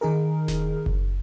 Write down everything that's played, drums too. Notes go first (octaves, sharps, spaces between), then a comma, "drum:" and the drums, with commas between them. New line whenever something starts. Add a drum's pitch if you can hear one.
D#3 D#4 G#4 A#4
drum: snare E1
drum: kick F#1